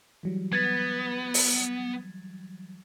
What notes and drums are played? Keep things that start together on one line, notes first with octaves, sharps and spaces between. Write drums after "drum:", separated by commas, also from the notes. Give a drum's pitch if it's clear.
E3 F#3 G3
B3 G#6 A6
drum: open hi-hat